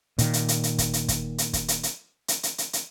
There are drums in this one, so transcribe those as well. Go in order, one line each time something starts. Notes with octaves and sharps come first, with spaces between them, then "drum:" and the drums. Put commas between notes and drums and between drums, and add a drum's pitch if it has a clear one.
A#2 D#3, drum: hi-hat
drum: hi-hat
drum: hi-hat
drum: hi-hat
drum: kick, hi-hat
drum: hi-hat
drum: kick, hi-hat
drum: hi-hat
drum: kick, hi-hat
drum: hi-hat
drum: hi-hat
drum: hi-hat
drum: hi-hat
drum: hi-hat
drum: hi-hat